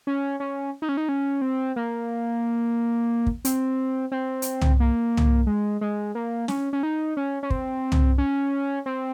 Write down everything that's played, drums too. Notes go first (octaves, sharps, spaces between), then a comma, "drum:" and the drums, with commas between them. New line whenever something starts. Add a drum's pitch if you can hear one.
C#4
C#4
D#4
C#4
D#4
C#4
C4
A#3
drum: kick
C4, drum: hi-hat
C4
drum: hi-hat
drum: tom
A#3
drum: tom
G#3
G#3
A#3
C#4, drum: snare
C#4
D#4
C#4
C#4
C4, drum: kick
drum: tom
C#4
C4